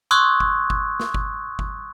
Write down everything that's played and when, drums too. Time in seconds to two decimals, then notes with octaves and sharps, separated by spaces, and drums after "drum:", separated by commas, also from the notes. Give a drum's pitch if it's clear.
0.11 C6 C#6 D#6 E6 F#6 G#6
0.40 drum: kick G1
0.70 drum: kick G1
1.00 drum: snare
1.14 drum: kick G1
1.59 drum: kick G1